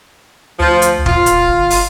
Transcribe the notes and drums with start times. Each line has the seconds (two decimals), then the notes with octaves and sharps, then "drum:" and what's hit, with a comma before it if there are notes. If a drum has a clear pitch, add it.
0.60 D2 F3
0.82 drum: hi-hat
1.06 D#1 F4, drum: kick
1.26 drum: hi-hat
1.48 G1
1.70 drum: open hi-hat